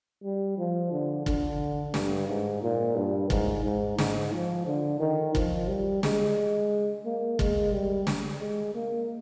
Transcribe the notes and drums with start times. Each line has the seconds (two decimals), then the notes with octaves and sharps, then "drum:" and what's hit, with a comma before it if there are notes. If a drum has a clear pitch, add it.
0.24 G3
0.58 F3
0.92 D3
1.26 D3, drum: kick
1.94 G2, drum: snare
2.28 G#2
2.63 A#2
2.96 G2
3.30 G#2, drum: kick
3.64 G#2
3.99 G#2, drum: snare
4.32 F3
4.66 D3
5.00 D#3
5.35 F3, drum: kick
5.68 G3
6.03 G#3, drum: snare
7.05 A#3
7.39 G#3, drum: kick
7.72 G3
8.07 drum: snare
8.40 G#3
8.74 A#3